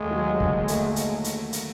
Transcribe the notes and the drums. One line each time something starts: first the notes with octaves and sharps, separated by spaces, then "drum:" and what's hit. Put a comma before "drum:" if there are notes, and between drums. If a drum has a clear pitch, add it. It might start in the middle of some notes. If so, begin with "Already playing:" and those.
Already playing: D#2 G#3 A3
F#3
D3, drum: kick
A3, drum: hi-hat
drum: hi-hat
drum: hi-hat
drum: hi-hat